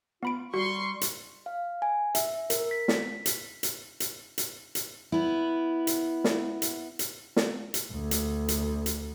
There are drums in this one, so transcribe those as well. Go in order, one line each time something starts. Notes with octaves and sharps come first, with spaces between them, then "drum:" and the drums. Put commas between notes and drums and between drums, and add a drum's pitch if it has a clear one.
B3 F4 B5 D7
G3 F#4 C6 C#6
drum: hi-hat
F5
G#5
E5, drum: hi-hat
A#4, drum: hi-hat
B6
drum: snare
drum: hi-hat
drum: hi-hat
drum: hi-hat
drum: hi-hat
drum: hi-hat
B3 E4
drum: hi-hat
drum: snare
drum: hi-hat
drum: hi-hat
drum: snare
drum: hi-hat
D2
drum: hi-hat
drum: hi-hat
drum: hi-hat